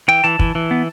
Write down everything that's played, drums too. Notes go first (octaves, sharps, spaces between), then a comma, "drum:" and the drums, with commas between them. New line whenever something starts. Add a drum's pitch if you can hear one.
E3 G5
E3 A5
E3, drum: kick
E3
B3